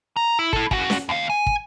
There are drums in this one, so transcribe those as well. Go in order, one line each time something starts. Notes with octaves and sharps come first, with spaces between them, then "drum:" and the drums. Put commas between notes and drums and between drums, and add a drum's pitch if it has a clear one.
A#5
E4
E4 A4, drum: kick
C#3 F#4, drum: kick
drum: snare C#4
D#2 F5
G#5
drum: kick